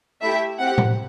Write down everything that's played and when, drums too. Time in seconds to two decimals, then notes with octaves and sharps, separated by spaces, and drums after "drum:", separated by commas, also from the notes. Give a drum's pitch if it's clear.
0.22 A3 E4 G4 E5
0.59 C4 G4 F#5
0.78 drum: tom A2